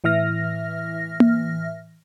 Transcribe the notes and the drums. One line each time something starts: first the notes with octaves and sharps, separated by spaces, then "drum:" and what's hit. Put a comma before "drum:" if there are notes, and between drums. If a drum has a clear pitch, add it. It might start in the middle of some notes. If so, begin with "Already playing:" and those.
A2 E3 E5 F6 A#6
drum: tom A#3